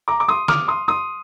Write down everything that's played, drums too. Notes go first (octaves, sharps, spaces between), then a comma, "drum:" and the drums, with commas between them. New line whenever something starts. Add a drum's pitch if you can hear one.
A#5 D6
D6
C6 D#6
D6 F6, drum: snare
C6 D#6
C6 D#6